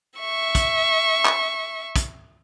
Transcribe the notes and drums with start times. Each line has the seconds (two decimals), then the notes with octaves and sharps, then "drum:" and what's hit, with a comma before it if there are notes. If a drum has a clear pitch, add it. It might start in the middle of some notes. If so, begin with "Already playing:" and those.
0.20 E5 C#6
0.55 drum: kick, hi-hat
1.25 drum: clap
1.96 drum: kick, hi-hat